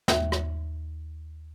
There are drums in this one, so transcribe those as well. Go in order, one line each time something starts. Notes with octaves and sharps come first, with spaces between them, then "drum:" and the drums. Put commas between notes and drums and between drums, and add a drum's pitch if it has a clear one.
D#2 E5, drum: snare
drum: rim click